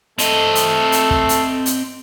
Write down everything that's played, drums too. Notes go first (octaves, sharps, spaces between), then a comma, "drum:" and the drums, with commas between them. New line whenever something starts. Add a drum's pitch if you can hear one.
A3 C4 D#5, drum: hi-hat
drum: hi-hat
drum: hi-hat
drum: kick
drum: hi-hat
drum: hi-hat